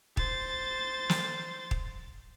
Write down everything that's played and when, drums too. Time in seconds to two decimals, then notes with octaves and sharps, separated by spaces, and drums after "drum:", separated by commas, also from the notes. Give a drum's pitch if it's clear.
0.17 C5 A6, drum: kick
1.09 drum: snare
1.71 drum: kick